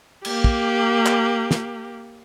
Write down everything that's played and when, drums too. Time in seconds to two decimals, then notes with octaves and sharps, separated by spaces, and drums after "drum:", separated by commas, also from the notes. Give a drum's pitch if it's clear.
0.25 A#3 G4, drum: cymbal
0.44 drum: kick
1.06 drum: clap
1.51 drum: snare